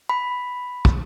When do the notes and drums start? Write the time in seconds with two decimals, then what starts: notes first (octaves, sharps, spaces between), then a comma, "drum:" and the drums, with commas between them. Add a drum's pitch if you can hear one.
0.09 B5
0.85 drum: kick